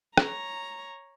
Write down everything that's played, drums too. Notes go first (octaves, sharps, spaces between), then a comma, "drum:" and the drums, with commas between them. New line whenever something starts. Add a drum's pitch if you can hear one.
C#5 A#5, drum: rim click